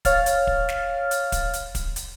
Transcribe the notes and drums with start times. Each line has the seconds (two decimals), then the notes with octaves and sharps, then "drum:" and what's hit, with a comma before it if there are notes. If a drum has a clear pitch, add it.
0.05 C#5 F5 F6 A6, drum: kick, hi-hat
0.26 drum: hi-hat
0.47 drum: kick
0.69 drum: snare
1.11 drum: hi-hat
1.32 drum: kick, hi-hat
1.53 drum: hi-hat
1.75 drum: kick, hi-hat
1.96 drum: hi-hat